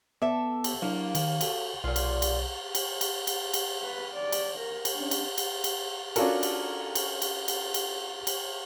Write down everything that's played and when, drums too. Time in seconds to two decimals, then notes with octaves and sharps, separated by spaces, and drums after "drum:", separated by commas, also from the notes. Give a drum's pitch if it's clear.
0.22 B3 A4 E5 D6
0.64 drum: cymbal
0.82 F#3 A#3 D4 E4
1.15 D#3, drum: cymbal
1.41 F#4 A4, drum: cymbal
1.84 B1 A#2 F4
1.96 drum: cymbal
2.22 drum: cymbal
2.75 drum: cymbal
3.01 drum: cymbal
3.27 drum: cymbal
3.54 drum: cymbal
3.82 B4
4.15 D5
4.32 drum: cymbal
4.59 A#4
4.85 drum: cymbal
4.97 C#4 D4
5.11 drum: cymbal
5.38 drum: cymbal
5.64 drum: cymbal
6.16 C#4 D4 F4 F#4 A4 A#4, drum: cymbal
6.43 drum: cymbal
6.95 drum: cymbal
7.22 drum: cymbal
7.48 drum: cymbal
7.74 drum: cymbal
8.27 drum: cymbal